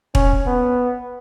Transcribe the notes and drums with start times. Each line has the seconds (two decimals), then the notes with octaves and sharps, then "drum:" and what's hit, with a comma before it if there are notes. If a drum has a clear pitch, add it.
0.15 C#4, drum: kick
0.46 B3